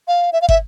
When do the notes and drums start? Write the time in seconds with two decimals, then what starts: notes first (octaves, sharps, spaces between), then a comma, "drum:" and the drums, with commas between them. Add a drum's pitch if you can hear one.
0.08 F5
0.33 E5
0.42 F5
0.49 E5, drum: kick